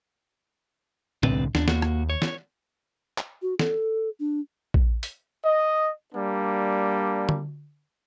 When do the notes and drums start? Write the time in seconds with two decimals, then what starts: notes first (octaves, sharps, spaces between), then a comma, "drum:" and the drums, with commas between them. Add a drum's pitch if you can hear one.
1.23 C2 D3 C4 B4 D5, drum: tom A2
1.55 D#2 D4, drum: snare
1.68 A#3 F#4, drum: snare
1.82 drum: rim click
2.10 C#5
2.22 drum: snare
3.18 drum: clap
3.42 F#4
3.59 A4, drum: snare
4.20 D4
4.74 drum: kick A#1
5.03 drum: hi-hat
5.44 D#5
6.14 G3 A#3 D4
7.29 drum: tom